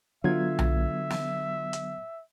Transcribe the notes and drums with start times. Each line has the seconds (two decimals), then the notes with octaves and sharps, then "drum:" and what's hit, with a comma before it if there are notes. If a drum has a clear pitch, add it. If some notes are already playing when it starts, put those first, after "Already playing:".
0.24 D3 F#3 B3 F4 E5 G#6
0.59 drum: tom B1
1.10 drum: snare
1.73 drum: hi-hat